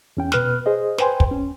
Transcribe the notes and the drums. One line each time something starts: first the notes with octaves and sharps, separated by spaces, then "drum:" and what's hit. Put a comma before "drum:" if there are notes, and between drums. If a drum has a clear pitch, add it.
E2 C#4 G5
B2 B4 F6 F#6, drum: snare
G#4 C5 D#5
B4 C5 G5 G#5 C6, drum: snare
drum: kick
C#4